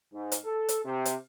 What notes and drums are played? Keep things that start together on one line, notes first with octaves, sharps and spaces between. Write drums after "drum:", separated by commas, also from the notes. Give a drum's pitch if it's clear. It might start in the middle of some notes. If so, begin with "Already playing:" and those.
G#2
drum: hi-hat
A4
drum: hi-hat
C3
drum: hi-hat